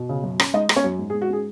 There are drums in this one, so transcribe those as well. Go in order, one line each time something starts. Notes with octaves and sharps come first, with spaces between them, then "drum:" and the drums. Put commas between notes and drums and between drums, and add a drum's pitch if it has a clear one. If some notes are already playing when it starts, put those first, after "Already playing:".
Already playing: B2
C#3
F#2
C#4, drum: rim click
G#3 D#4 D#5
G#3, drum: rim click
C#4 C#5
F#2
G#2
G#4
G#2
F#4
C#4 G#4